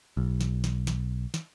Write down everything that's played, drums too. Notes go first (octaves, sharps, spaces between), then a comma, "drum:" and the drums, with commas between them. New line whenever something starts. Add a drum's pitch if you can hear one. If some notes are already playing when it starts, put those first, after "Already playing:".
B1
drum: snare
drum: snare
drum: snare
drum: snare